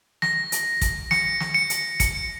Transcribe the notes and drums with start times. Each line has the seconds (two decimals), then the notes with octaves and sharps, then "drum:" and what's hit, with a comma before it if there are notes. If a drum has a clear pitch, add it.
0.22 A#6, drum: snare
0.52 drum: hi-hat
0.81 drum: kick, hi-hat
1.11 C#7, drum: snare
1.40 drum: snare
1.54 C#7
1.70 drum: hi-hat
2.00 C#7, drum: kick, hi-hat